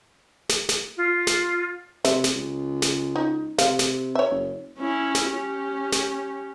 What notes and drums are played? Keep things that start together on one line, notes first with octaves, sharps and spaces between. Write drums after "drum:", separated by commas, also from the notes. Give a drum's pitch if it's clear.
drum: snare
drum: snare
F4
drum: snare
C3 E5, drum: snare
drum: snare
C#2
drum: snare
D#4
C3 F5, drum: snare
drum: snare
C#5 E5
F#1
C#4 E4
drum: snare
C#4 G4
drum: snare